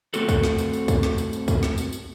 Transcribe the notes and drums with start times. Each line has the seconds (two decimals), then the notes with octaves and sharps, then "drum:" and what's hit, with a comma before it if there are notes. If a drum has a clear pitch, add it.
0.14 A3 C4 F#4 A4, drum: tambourine
0.29 drum: kick, tambourine
0.43 drum: snare
0.58 drum: tambourine
0.73 drum: tambourine
0.88 drum: kick, tambourine
1.03 drum: snare
1.18 drum: tambourine
1.33 drum: tambourine
1.48 drum: kick, tambourine
1.63 drum: snare
1.78 drum: tambourine
1.93 drum: tambourine